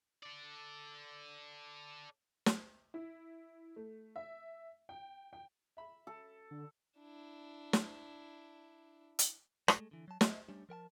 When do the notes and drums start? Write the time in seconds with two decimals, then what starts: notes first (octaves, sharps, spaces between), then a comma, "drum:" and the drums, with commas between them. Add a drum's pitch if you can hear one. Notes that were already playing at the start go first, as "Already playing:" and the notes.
0.23 A4 D5
2.46 drum: snare
2.94 E4
3.76 A3
4.16 E5
4.89 G5
5.33 G5
5.77 E5 B5
6.07 A4
6.51 D3
6.98 D4 E4
7.73 drum: snare
9.19 drum: hi-hat
9.68 G#3 A3, drum: rim click
9.91 D3 E3
10.08 F#3 A5
10.21 D#5 E5, drum: snare
10.48 G3 A3 C#4 D4 G4
10.69 F3 A#4 G5 A5